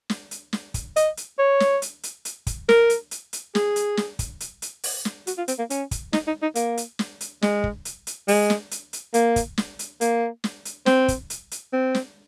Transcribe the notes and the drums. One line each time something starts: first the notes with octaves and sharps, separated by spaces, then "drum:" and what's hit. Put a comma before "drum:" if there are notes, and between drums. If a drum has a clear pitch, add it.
drum: snare
drum: hi-hat
drum: snare
drum: kick, hi-hat
D#5, drum: hi-hat
drum: hi-hat
C#5
drum: snare
drum: hi-hat
drum: hi-hat
drum: hi-hat
drum: kick, hi-hat
A#4, drum: snare
drum: hi-hat
drum: hi-hat
drum: hi-hat
G#4, drum: snare
drum: hi-hat
drum: snare
drum: kick, hi-hat
drum: hi-hat
drum: hi-hat
drum: open hi-hat
drum: snare
F#4, drum: hi-hat
F4
C4, drum: hi-hat
A#3
C#4, drum: hi-hat
drum: kick, hi-hat
D#4, drum: snare
D#4
D#4
A#3, drum: hi-hat
drum: hi-hat
drum: snare
drum: hi-hat
G#3, drum: snare
drum: kick
drum: hi-hat
drum: hi-hat
G#3, drum: open hi-hat
drum: snare
drum: hi-hat
drum: hi-hat
A#3, drum: hi-hat
drum: kick, hi-hat
drum: snare
drum: hi-hat
A#3, drum: hi-hat
drum: snare
drum: hi-hat
C4, drum: snare
drum: kick, hi-hat
drum: hi-hat
drum: hi-hat
C4
drum: snare